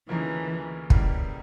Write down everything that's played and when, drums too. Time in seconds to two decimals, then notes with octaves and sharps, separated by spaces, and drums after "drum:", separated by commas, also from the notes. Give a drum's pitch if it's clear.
0.09 D2 C#3 E3 F3 A#3 D#4
0.90 C#2 C#3 E3 G3 A#3, drum: kick